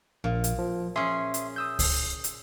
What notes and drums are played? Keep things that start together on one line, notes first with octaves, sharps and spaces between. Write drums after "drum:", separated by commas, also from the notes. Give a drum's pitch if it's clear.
A#1 A#2
drum: hi-hat
F3
C#4 G#4 E5 C6
drum: hi-hat
D#6 E6 G6
drum: kick C#2, open hi-hat
drum: hi-hat